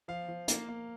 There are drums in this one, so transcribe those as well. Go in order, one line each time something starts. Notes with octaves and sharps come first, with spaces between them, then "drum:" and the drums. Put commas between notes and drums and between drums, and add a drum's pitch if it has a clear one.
F3 F5
F3
A#3, drum: hi-hat
A#3